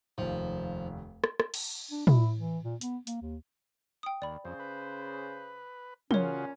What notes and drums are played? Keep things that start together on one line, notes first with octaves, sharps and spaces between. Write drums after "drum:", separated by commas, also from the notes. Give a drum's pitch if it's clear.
F1 D#2 F3
drum: rim click
drum: rim click
drum: cymbal
D4
E4, drum: tom
E3
A#2
B3, drum: hi-hat
A#3, drum: hi-hat
D#2
G5 D#6
D#2 D5 B5
F2 C#3 C5
B4
A#2 C#3 C#4 F4 F#4 A#4 C#5, drum: tom